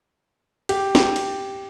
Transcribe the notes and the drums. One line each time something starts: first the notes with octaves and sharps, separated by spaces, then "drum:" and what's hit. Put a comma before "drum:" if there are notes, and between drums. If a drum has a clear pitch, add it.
G4, drum: cymbal
G4, drum: snare
drum: cymbal